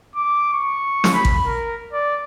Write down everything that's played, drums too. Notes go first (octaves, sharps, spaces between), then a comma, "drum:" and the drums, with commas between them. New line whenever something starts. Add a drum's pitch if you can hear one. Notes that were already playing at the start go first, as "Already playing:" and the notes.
D6
C#6
drum: snare
B5
drum: kick A1
A#4
D5